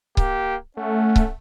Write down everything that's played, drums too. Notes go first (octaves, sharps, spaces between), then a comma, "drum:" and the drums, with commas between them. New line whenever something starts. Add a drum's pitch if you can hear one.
A#3 G4, drum: kick C#1
A3 C#4 F#5
drum: kick C#1